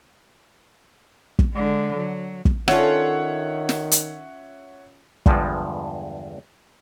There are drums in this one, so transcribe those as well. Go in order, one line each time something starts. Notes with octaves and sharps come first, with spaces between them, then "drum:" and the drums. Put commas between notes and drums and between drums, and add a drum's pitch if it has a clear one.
drum: kick
D3 G#3
F#3
drum: kick
D#3 C#4 D4 F4 A4 C#5 E5 F#5, drum: rim click
drum: snare
drum: hi-hat
E2 G2 D3 F3 G3 G#3, drum: kick